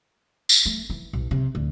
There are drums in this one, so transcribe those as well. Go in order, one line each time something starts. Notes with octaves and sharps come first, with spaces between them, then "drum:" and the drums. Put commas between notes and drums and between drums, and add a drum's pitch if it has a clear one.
drum: tambourine
A3
E3
B1
C3
D2